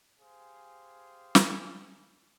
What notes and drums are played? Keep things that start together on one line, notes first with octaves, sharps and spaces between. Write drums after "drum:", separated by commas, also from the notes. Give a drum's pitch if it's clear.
G4 G#4 C5 F5 G#5
drum: snare